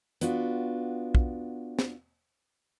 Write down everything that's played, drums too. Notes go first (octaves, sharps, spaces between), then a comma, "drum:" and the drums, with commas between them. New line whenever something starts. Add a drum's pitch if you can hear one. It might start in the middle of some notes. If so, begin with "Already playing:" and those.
B3 D4 F4 F#4, drum: hi-hat
drum: kick
drum: snare